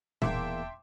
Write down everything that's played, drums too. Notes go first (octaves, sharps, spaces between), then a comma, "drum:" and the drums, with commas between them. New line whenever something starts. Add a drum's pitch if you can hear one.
E1 E2 A#3 E5 G5 A5 C6 D6, drum: tom A#2